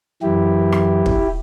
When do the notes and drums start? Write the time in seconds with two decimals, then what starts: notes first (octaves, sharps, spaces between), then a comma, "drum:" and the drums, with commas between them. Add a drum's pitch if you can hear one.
0.22 F#2 E3 E4 G4
0.72 drum: rim click
1.06 drum: kick